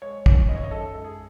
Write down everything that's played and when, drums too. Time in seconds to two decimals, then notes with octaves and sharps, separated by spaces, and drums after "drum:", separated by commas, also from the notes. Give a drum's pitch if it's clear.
0.02 G#3 C#5
0.26 D#3, drum: kick
0.48 F#2 D#5
0.56 C#5
0.64 D#5
0.71 F#2 A4
0.94 G#3 A4
1.05 G#4